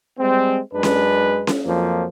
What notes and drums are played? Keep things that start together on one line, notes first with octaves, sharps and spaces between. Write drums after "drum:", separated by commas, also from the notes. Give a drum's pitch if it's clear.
G3 G#3 C4
F#2 G#3 D4 B4
drum: snare C#4
drum: snare C#4
F2 F3 F#3 A#3